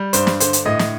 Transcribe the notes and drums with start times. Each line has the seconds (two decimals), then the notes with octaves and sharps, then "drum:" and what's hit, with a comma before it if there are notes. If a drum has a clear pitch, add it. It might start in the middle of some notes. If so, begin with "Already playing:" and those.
Already playing: G3
0.13 G2 C5, drum: hi-hat
0.27 drum: snare
0.40 D3 C5, drum: hi-hat
0.53 drum: hi-hat
0.66 A2 D#5
0.79 drum: snare